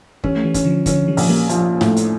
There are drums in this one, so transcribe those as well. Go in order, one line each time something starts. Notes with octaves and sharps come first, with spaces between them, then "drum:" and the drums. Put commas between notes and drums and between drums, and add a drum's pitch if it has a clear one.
E3 G3 C#4, drum: kick
A3
E3 G3
C#4, drum: kick, hi-hat
D3 F3
D3 F3 C#4, drum: kick, hi-hat
E3 G3
A#1, drum: open hi-hat
G3 A#3
F3, drum: hi-hat
A2, drum: snare
drum: hi-hat